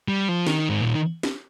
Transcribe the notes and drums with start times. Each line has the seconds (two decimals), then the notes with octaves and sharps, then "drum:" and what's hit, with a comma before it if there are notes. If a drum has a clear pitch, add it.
0.08 G3
0.29 F3
0.47 D#3, drum: snare
0.70 G#2
0.81 A#2
1.23 drum: snare